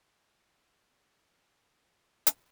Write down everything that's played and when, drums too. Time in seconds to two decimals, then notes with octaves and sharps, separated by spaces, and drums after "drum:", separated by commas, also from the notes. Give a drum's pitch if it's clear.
0.38 G#1 A2 D3
0.95 C3 F3
1.84 F4
2.27 drum: hi-hat